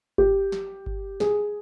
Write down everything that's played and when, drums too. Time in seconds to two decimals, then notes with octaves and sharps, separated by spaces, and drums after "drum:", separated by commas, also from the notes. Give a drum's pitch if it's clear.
0.18 G4, drum: kick G1
0.52 drum: snare
0.86 drum: kick G1
1.20 G#4, drum: snare